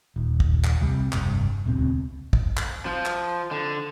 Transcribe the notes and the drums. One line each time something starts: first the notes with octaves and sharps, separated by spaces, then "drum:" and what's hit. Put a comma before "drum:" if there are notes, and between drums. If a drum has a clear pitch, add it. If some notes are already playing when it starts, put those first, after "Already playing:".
D#1
drum: kick
drum: clap
C2 C3 G3
F1 C2 G2, drum: clap
D#1 C#2 B2 C4
drum: kick
drum: clap
F3
drum: clap
D3